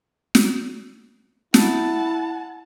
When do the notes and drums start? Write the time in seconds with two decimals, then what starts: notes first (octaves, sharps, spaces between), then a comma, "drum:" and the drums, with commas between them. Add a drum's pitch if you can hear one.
0.35 drum: snare
1.54 E4 F#5 A5, drum: snare